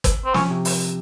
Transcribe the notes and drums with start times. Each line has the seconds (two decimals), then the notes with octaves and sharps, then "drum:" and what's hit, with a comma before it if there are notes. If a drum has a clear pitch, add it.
0.04 drum: kick, hi-hat
0.25 C4
0.34 F3 C#4, drum: snare
0.49 C3
0.65 drum: open hi-hat